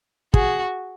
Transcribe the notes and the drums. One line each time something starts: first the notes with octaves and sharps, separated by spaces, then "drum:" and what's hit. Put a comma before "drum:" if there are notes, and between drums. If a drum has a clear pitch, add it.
F#4 G#4, drum: kick